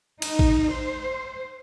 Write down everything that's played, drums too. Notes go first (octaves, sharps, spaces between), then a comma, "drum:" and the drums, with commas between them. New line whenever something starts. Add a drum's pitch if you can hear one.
D#4, drum: cymbal
drum: kick
C5